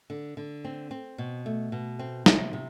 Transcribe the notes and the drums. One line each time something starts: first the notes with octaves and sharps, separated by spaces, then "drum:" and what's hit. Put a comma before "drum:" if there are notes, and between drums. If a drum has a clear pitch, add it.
D3
D3
C4
C4
B2
A3
B2
C4
C3, drum: snare
C3